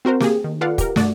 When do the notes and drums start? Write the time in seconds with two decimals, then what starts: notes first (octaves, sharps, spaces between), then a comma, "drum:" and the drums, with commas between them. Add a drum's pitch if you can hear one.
0.05 C4 F#4 A#4 C5
0.20 A#3 G4 G#4, drum: snare
0.44 D#3
0.61 F4 A4 B4 D5 F5 F#5
0.78 G4 A#4, drum: kick, hi-hat
0.96 G2 A3 F#4 D5, drum: snare